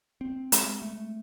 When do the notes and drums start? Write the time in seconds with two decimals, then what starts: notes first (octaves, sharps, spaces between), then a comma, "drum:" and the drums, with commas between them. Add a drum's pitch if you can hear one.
0.21 C4
0.52 G#3, drum: hi-hat
0.82 A3